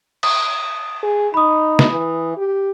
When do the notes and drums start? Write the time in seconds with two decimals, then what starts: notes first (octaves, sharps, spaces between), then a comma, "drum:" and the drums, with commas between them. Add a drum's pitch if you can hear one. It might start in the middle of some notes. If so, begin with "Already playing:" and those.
0.23 D#6, drum: cymbal
1.03 G#4
1.34 D#4 B5 D#6
1.79 drum: snare
1.90 E3
2.37 G4